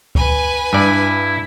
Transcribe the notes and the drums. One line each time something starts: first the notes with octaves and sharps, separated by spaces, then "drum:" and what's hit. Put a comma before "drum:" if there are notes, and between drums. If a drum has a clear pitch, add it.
B4 G#5, drum: kick C#2
G2 E4 D5